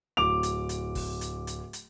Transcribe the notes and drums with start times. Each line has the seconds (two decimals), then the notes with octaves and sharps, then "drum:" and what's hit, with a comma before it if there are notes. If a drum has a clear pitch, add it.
0.17 D1 D6 F7
0.43 drum: hi-hat
0.69 drum: hi-hat
0.95 drum: kick, open hi-hat
1.21 drum: hi-hat
1.47 drum: hi-hat
1.73 drum: hi-hat